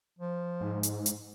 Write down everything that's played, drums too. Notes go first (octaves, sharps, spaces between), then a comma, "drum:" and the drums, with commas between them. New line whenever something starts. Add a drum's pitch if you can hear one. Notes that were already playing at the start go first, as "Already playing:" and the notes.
F3
G#2
drum: hi-hat
drum: hi-hat